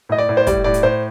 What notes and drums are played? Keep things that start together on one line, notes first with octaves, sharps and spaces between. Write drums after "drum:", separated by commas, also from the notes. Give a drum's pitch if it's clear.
A2 D#5
D5
A2
C5
G3 D5, drum: kick, hi-hat
A2 D5
drum: hi-hat
A2 C5